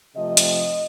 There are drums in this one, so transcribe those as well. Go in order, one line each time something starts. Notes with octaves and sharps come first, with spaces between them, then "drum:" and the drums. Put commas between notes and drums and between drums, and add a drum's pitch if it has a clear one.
C3 F3 A3 C4 D#5
drum: hi-hat